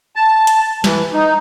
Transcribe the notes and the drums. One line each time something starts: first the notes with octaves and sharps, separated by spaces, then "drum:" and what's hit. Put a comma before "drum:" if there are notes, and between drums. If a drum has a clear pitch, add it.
A5
drum: hi-hat
E3, drum: snare
D#4